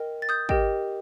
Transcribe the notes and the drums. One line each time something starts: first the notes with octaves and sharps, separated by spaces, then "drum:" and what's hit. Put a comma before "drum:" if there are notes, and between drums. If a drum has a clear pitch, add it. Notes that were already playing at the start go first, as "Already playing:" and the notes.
Already playing: A#4 D#5 G5
A6
D#6 G6
G4 A#4 D#5 G5, drum: kick